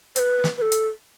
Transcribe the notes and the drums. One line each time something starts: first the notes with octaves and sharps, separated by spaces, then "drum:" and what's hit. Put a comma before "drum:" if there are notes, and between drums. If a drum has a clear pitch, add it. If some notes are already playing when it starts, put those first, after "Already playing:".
C5, drum: hi-hat
B4
drum: snare
B4
A4
drum: hi-hat